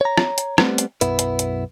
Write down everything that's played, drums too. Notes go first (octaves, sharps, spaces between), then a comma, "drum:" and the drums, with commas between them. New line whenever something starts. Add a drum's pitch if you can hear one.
C#5 A#5
drum: rim click
drum: hi-hat
G3 A3 B3 C4, drum: rim click
drum: hi-hat
B1 F#2 B3 E4 B4, drum: hi-hat
drum: hi-hat
drum: hi-hat